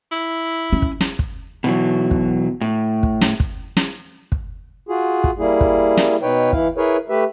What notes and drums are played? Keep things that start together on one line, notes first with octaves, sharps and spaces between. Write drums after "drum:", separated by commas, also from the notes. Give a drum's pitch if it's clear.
E4
C#4
drum: kick
drum: snare
drum: kick
B2 E3 F#3
drum: kick
A2
drum: kick
drum: snare
drum: kick
drum: snare
drum: kick
F4 F#4 G#4
drum: kick
G3 A#3 E4 G#4
drum: kick
drum: snare
B2 D#4 B4 C#5 G5
E3 E4 F5, drum: kick
E4 G#4 A#4 B4 C#5
A3 G4 B4 E5